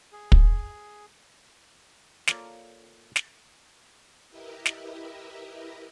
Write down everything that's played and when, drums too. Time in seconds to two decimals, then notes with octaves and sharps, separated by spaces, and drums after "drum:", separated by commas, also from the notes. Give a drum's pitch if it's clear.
0.13 G#4
0.32 drum: kick
2.27 A#3 F4 A4 C#5 D5, drum: snare
3.16 drum: snare
4.30 E4 G4 A#4 B4 D#5 E5
4.66 drum: snare